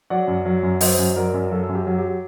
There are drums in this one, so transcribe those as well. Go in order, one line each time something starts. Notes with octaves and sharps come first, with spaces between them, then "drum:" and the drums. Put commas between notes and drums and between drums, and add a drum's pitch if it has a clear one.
F#3 D5 F#5
F#2
F#3
F#2
F#3 C5 D#5, drum: open hi-hat
F#2
F#3 A#4 D5
F#2
F#3 F#4 A4
F#2
G4
F#3
G4